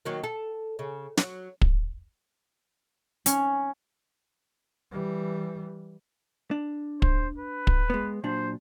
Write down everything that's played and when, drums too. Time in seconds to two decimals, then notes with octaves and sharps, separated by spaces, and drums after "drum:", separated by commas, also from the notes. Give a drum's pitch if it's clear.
0.05 D#3 F#3 A#3
0.24 A4
0.79 C#3
1.17 F#3, drum: snare
1.61 drum: kick
3.26 C#4, drum: hi-hat
4.91 E3 G3
6.51 D4
7.02 C5, drum: kick
7.38 B4
7.67 drum: kick
7.90 G#3 B3
8.24 A#2 F#3 D4 C5